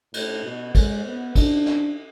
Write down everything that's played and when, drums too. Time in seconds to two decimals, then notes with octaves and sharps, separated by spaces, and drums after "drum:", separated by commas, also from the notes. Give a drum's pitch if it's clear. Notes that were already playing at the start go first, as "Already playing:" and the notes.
0.14 A2, drum: cymbal
0.44 B2
0.75 G#3, drum: kick, cymbal
1.05 B3
1.35 D4, drum: kick, cymbal
1.66 drum: snare